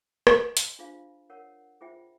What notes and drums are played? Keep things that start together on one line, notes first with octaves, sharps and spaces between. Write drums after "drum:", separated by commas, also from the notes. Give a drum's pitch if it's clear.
G4 C5 D#5 G#5 C6, drum: rim click
drum: hi-hat
D4 F4 G#4 C5 F5
A#4 C#5 F#5
F4 G#4 C5 E5 G5